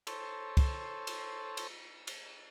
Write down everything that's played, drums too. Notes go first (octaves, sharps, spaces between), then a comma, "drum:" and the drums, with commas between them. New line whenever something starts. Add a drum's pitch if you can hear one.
A4 C5 C#5, drum: cymbal
drum: kick, cymbal
drum: cymbal
drum: cymbal
drum: cymbal